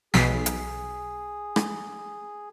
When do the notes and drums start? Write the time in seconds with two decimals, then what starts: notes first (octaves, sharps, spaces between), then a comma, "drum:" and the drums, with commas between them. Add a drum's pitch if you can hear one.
0.14 B1 G#4 B6 C7, drum: snare
0.46 drum: hi-hat
1.56 drum: rim click